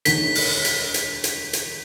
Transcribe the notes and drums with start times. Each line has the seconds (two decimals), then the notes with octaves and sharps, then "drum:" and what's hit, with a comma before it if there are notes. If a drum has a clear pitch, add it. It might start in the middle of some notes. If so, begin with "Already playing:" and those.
0.05 E1 D2 D#3 B6, drum: hi-hat
0.35 drum: open hi-hat
0.65 drum: hi-hat
0.94 drum: hi-hat
1.24 drum: hi-hat
1.53 drum: hi-hat